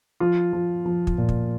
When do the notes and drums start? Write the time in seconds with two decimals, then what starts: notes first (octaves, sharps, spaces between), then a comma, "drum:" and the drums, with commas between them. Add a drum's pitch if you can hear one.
0.20 F3 F4
0.53 F3
0.86 F3
1.07 drum: kick
1.18 A#2
1.29 drum: kick